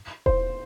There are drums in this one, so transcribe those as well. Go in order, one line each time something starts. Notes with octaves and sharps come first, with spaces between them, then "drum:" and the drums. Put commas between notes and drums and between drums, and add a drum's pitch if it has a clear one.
C5, drum: kick E1